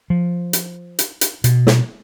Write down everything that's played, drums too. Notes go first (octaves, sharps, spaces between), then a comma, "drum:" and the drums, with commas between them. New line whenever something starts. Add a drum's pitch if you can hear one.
F3
drum: hi-hat
drum: hi-hat
drum: hi-hat
B2, drum: hi-hat
drum: snare